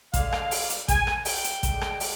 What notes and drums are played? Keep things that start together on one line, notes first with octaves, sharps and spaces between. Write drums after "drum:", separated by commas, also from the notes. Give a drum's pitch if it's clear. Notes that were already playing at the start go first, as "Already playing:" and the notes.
D3 G#3 F5, drum: kick A1, hi-hat
drum: rim click
drum: open hi-hat
drum: hi-hat
G#5, drum: kick A1, hi-hat
drum: rim click
G5, drum: open hi-hat
drum: hi-hat
D3 G#3, drum: kick A1, hi-hat
drum: rim click
drum: open hi-hat